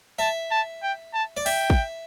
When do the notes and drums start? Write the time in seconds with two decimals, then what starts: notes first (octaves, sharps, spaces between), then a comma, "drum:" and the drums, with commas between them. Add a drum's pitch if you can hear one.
0.19 E5 A5
0.51 A5
0.83 G5
1.14 A5
1.37 D5
1.46 E5 G5, drum: open hi-hat
1.70 drum: kick